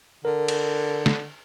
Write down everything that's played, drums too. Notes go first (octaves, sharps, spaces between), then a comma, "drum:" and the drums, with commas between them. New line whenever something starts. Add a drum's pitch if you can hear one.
D3 A#4
drum: cymbal
drum: snare